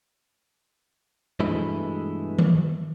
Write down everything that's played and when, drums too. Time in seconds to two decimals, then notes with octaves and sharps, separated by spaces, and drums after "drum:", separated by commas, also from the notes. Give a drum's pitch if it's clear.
1.40 G2 B2 E3 G#3 A3 E4
2.39 drum: tom D#3